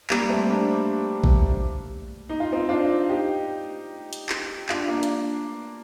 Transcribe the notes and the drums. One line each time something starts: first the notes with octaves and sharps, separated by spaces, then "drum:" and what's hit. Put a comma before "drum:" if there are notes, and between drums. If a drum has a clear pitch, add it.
G3 A#3, drum: clap
A3 C4
A#3 D4
drum: kick A#1
D#4
F4
C4 D#4
D4 F4
D#4 G4
drum: hi-hat
drum: clap
D4 F4, drum: clap
A#3 D4
drum: hi-hat